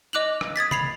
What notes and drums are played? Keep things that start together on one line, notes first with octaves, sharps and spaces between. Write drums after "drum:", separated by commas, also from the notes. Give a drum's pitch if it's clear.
D#5 D6 F#6 F7 F#7
drum: rim click
D#6 G#6 A6 B6
B5 C7 F7, drum: tom C3